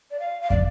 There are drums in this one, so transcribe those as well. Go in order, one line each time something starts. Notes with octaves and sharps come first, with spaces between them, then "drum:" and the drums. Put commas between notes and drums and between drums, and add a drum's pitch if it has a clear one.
D5
F5
F5
D5, drum: kick